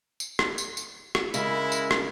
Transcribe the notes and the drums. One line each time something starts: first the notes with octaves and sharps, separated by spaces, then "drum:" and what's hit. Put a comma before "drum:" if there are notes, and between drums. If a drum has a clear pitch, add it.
drum: tambourine
drum: rim click
drum: tambourine
drum: tambourine
drum: rim click
C#3 G#3 E4 A#4, drum: tambourine
drum: tambourine
drum: rim click